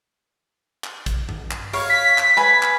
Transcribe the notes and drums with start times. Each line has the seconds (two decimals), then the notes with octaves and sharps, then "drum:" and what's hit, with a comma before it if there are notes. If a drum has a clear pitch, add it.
0.84 drum: clap
1.06 drum: kick, hi-hat
1.29 drum: tom G2
1.51 drum: clap
1.73 C#5 F5, drum: open hi-hat
1.90 B6
2.18 drum: clap
2.37 B4 G#5
2.63 drum: clap